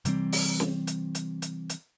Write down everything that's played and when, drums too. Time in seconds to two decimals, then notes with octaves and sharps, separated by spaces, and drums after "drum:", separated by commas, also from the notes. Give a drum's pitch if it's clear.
0.05 C3 E3 G3 C4, drum: hi-hat
0.32 drum: open hi-hat
0.60 drum: snare
0.87 drum: hi-hat
1.15 drum: hi-hat
1.42 drum: hi-hat
1.69 drum: hi-hat